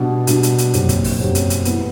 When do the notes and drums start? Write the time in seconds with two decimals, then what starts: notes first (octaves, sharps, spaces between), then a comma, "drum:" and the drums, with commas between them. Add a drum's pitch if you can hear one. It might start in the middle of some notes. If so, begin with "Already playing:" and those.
Already playing: B2 G3 D4
0.27 B2 G3 D4, drum: hi-hat
0.43 drum: hi-hat
0.58 drum: hi-hat
0.74 F#1 F#2 F#3 C4 G4, drum: hi-hat
0.89 drum: kick, hi-hat
1.04 drum: open hi-hat
1.19 F#1 F#2 F#3 C4 G4
1.35 drum: hi-hat
1.50 drum: hi-hat
1.65 A2 E3 B3, drum: hi-hat